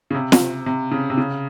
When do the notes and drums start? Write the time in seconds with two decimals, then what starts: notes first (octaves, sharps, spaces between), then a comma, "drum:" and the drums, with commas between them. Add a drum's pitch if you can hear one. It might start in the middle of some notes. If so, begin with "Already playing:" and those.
0.11 C#3
0.15 C3
0.32 drum: snare
0.66 C3
0.91 C#3
1.10 C3
1.18 C#3